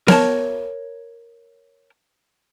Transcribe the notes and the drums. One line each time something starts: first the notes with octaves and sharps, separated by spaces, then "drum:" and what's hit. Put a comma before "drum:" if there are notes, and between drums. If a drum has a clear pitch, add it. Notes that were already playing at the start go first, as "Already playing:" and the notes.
A#4 C#5 A5, drum: snare B3